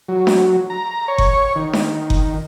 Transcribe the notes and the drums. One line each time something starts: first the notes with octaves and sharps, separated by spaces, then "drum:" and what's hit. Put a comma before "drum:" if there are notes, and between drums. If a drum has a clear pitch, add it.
F#3
drum: snare D4
A#5
C#5
drum: kick F#1
D#3
drum: snare D4
drum: kick F#1